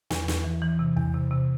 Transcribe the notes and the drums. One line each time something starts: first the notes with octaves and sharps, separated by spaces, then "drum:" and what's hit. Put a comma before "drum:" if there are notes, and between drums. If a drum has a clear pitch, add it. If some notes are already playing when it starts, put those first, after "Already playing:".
E2, drum: snare
E2, drum: snare
E3
E3
C3
E2, drum: kick
C3
C3